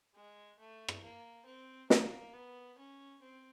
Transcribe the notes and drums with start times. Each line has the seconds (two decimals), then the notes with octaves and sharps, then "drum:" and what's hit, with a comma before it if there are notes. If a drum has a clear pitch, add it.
0.15 G#3
0.59 A3
0.88 drum: rim click
1.02 A#3
1.46 C4
1.90 A#3, drum: snare
2.33 B3
2.78 C#4
3.22 C4